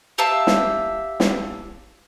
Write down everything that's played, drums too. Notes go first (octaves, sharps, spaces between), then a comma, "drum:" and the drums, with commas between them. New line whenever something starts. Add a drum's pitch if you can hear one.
G4 E5 F5 A5
drum: snare
drum: snare